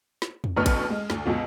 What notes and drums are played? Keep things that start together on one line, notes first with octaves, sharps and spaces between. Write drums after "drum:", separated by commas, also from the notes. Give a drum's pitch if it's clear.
drum: snare
drum: tom E2
A1 D2 B2 B4 C#6 F6
drum: kick A1, cymbal
G#3
D2, drum: snare
C#2 B2 F4